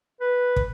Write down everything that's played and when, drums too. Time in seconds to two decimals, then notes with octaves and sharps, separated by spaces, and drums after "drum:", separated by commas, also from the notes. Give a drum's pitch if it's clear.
0.20 B4
0.56 drum: kick